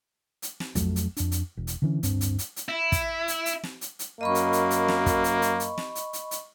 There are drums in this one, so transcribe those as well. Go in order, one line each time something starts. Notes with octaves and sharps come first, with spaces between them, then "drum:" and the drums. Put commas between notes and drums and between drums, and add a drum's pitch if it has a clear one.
drum: hi-hat
drum: snare
F2 F#3 A3, drum: kick, hi-hat
drum: hi-hat
F2 D4, drum: hi-hat
drum: hi-hat
E1
drum: hi-hat
D3 E3 C#4
D1 G2 C4 D4, drum: hi-hat
drum: hi-hat
drum: hi-hat
drum: hi-hat
E4
drum: kick, hi-hat
drum: hi-hat
drum: hi-hat
drum: snare
drum: hi-hat
drum: hi-hat
F#2 A#3 D#5 B5 C#6
drum: hi-hat
drum: hi-hat
drum: hi-hat
drum: snare
drum: kick, hi-hat
drum: hi-hat
drum: hi-hat
drum: hi-hat
drum: snare
drum: hi-hat
drum: hi-hat
drum: hi-hat